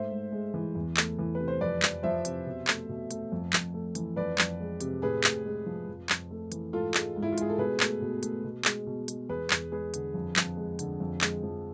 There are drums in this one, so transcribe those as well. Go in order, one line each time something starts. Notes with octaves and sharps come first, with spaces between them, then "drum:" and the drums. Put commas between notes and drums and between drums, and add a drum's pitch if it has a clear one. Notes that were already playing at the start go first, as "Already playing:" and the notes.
Already playing: G#2 A3 C5 E5
G#2
G#3
E3
E2
A3, drum: clap
E3
C3 B4
C5
F2 B4 D5
F2, drum: clap
F3 C5 E5
C3, drum: hi-hat
B2
A3, drum: clap
B2
A3, drum: hi-hat
F2
F2, drum: clap
A3
E3, drum: hi-hat
F2 B4 D5
F2, drum: clap
G#3
C3, drum: hi-hat
A2 G#4 B4
A2, drum: clap
G#3
F3
F2
F2, drum: clap
A3
E3, drum: hi-hat
G#2 F4 A4
G#3, drum: clap
G#2
E4
F4
G#3 G#4, drum: hi-hat
A4
B2 G#4 B4
A3, drum: clap
B2
A3, drum: hi-hat
B2
G#3, drum: clap
B2
G#3, drum: hi-hat
E2 G#4 B4
E2, drum: clap
G#3 G#4 B4
D3, drum: hi-hat
F2
F2, drum: clap
G#3
D3, drum: hi-hat
F2
G#3, drum: clap
F3